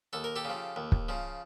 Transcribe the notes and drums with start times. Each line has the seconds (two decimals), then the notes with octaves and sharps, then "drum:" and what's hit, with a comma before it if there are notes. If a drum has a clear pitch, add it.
0.13 D#2 A4
0.24 A#4
0.36 G4 A4
0.45 C#3 F3
0.76 D#2
0.92 drum: kick
1.09 C#3 F3